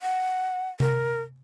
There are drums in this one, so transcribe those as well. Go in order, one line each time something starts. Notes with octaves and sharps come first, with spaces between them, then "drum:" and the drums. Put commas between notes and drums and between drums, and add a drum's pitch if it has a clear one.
F#5
A#4, drum: tom C3